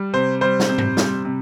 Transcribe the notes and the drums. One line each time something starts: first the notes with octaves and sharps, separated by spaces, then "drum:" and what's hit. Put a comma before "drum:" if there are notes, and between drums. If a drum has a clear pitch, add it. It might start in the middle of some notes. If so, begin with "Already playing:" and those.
Already playing: G3
C3 C5
G3 C5
drum: snare
C3
drum: tom G2
G3, drum: snare
C3